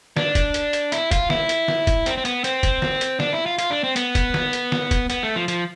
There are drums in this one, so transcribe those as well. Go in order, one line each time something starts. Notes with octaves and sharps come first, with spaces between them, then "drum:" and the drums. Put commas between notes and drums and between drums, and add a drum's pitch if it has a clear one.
D4, drum: snare
drum: kick, hi-hat
drum: hi-hat
drum: hi-hat
E4, drum: hi-hat
F4, drum: kick, hi-hat
E4, drum: snare
drum: hi-hat
drum: snare
drum: kick, hi-hat
C4, drum: hi-hat
C4
B3, drum: hi-hat
C4, drum: hi-hat
drum: kick, hi-hat
drum: snare
drum: hi-hat
D4, drum: snare
E4
F4
F4, drum: hi-hat
D4
C4
B3, drum: hi-hat
drum: kick, hi-hat
drum: snare
drum: hi-hat
drum: snare
drum: kick, hi-hat
B3, drum: hi-hat
A3
F3
F3, drum: hi-hat